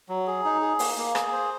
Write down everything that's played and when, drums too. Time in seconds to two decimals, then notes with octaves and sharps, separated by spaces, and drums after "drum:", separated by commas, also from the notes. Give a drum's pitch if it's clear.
0.09 F#3
0.27 G#4
0.45 D#4
0.61 G#4
0.79 A#3, drum: open hi-hat
0.98 A#3
1.15 G#4, drum: rim click
1.32 C5